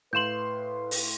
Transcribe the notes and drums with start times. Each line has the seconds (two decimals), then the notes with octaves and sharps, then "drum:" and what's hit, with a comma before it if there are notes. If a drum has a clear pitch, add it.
0.13 A2 B4 F5 C6 G6 E7 F#7
0.91 drum: open hi-hat